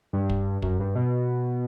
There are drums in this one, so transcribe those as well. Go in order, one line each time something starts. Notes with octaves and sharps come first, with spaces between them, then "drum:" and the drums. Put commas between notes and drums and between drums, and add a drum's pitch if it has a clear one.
G2
drum: kick
F#2, drum: kick
G2
B2